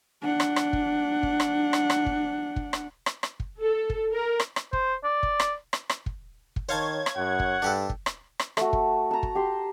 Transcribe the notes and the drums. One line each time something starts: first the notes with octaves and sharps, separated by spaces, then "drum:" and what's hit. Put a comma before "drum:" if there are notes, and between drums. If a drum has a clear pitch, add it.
D4 F#5
drum: rim click
drum: rim click
drum: kick
drum: kick
drum: rim click
drum: rim click
drum: rim click
drum: kick
drum: kick
drum: rim click
drum: rim click
drum: rim click
drum: kick
A4
drum: kick
A#4
drum: rim click
drum: rim click
C5, drum: kick
D5
drum: kick
drum: rim click
drum: rim click
drum: rim click
drum: kick
drum: kick
D#3 C5 C#5 F5 A5 G#6
drum: rim click
F#2 F#5
drum: kick
G2 D4 G4 A4
drum: kick
drum: rim click
drum: rim click
A3 F#4, drum: rim click
drum: kick
A5 A#5
drum: kick
G4 C6